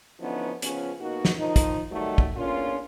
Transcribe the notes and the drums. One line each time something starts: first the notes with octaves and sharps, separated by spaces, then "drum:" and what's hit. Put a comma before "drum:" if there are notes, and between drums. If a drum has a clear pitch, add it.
D3 E3 F3 B3 C#4 D#4
C#3 F3 B3 C#4, drum: hi-hat
B2 A#3 D#4 F#4
drum: snare
D#3 F3 D#4
drum: kick, hi-hat
D#3 F#3 G3 A3
drum: kick
E2 A#3 C#4 D4 F4